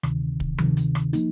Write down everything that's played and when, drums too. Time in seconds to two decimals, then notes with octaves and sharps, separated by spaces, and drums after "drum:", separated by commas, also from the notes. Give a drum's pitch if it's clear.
0.03 D2 C3 D#3, drum: rim click
0.40 drum: kick
0.58 D2 C3 D#3, drum: tom F3
0.77 drum: hi-hat
0.95 drum: rim click
1.13 F3 A#3 D#4, drum: hi-hat